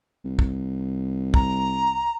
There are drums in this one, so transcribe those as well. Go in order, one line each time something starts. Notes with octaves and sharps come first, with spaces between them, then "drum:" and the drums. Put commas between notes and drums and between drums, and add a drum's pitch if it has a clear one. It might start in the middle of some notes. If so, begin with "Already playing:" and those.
C2
drum: kick
A#5, drum: kick